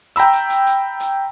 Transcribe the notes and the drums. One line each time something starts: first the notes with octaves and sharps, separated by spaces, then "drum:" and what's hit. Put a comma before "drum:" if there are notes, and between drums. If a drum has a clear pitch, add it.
G5 A#5 B5 E6, drum: hi-hat
drum: hi-hat
drum: hi-hat
drum: hi-hat
drum: hi-hat